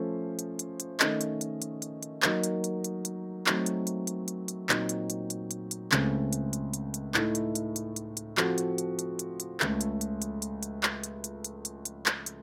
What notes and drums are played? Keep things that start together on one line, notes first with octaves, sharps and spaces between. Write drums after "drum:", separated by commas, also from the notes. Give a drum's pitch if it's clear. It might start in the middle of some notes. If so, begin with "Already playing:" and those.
Already playing: F3 A3 C#4 A4 C5
drum: hi-hat
drum: hi-hat
drum: hi-hat
D#3 A3 C#4 A4 D#5, drum: clap
drum: hi-hat
drum: hi-hat
drum: hi-hat
drum: hi-hat
drum: hi-hat
F#3 A#3 D#4 A#4 D#5, drum: clap
drum: hi-hat
drum: hi-hat
drum: hi-hat
drum: hi-hat
F#3 A3 C4 D#4, drum: clap
drum: hi-hat
drum: hi-hat
drum: hi-hat
drum: hi-hat
drum: hi-hat
A#2 F#3 C4 D#4, drum: clap
drum: hi-hat
drum: hi-hat
drum: hi-hat
drum: hi-hat
drum: hi-hat
C#2 C#3 A3 C4, drum: clap
drum: hi-hat
drum: hi-hat
drum: hi-hat
drum: hi-hat
A2 A3 D#4 A4, drum: clap
drum: hi-hat
drum: hi-hat
drum: hi-hat
drum: hi-hat
drum: hi-hat
F3 C4 F#4 A4, drum: clap
drum: hi-hat
drum: hi-hat
drum: hi-hat
drum: hi-hat
drum: hi-hat
C#2 C#3 A3 C#4 A4, drum: clap
drum: hi-hat
drum: hi-hat
drum: hi-hat
drum: hi-hat
drum: hi-hat
drum: clap
drum: hi-hat
drum: hi-hat
drum: hi-hat
drum: hi-hat
drum: hi-hat
drum: clap
drum: hi-hat